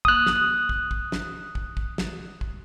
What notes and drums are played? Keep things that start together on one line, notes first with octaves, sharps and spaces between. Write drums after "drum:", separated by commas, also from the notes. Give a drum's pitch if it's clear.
D#6 F#6, drum: kick
drum: snare
drum: kick
drum: kick
drum: snare
drum: kick
drum: kick
drum: snare
drum: kick